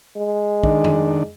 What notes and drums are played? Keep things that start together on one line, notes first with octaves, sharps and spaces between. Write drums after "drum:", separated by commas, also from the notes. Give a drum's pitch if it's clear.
G#3
D#3 D4, drum: kick
drum: tom F2